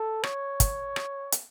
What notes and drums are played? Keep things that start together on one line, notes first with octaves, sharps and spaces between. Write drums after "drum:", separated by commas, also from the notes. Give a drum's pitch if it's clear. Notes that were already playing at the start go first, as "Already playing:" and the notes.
Already playing: A4
C#5, drum: rim click
drum: kick, hi-hat
drum: rim click
drum: hi-hat